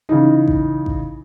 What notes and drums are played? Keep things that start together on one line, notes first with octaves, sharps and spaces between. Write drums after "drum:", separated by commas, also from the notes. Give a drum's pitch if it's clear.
C#3 E3 D#4
drum: kick A1
drum: kick A1